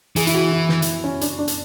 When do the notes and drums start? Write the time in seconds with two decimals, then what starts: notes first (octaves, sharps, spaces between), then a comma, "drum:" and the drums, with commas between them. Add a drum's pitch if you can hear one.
0.16 E3 G#4, drum: hi-hat
0.27 E4, drum: hi-hat
0.34 F#4
0.52 E4
0.69 E4, drum: snare
0.82 drum: hi-hat
1.04 C#4
1.21 D4, drum: hi-hat
1.39 D4
1.48 drum: hi-hat